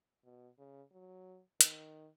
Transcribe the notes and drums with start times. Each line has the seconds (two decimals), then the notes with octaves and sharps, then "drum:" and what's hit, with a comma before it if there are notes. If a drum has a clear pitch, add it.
0.24 B2
0.58 C#3
0.92 F#3
1.61 D#3, drum: hi-hat